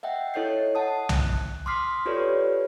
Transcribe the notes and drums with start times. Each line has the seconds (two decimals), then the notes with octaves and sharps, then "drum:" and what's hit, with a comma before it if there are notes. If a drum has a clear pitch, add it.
0.03 D#5 E5 F#5 G5
0.34 E4 A4 C#5 D#5 G6 C7
0.75 F#5 A5 D#6
1.09 F#6, drum: tom B1
1.66 C6 D6 D#6 F6 B6 C7
2.06 F4 G4 A4 B4 C#5 D5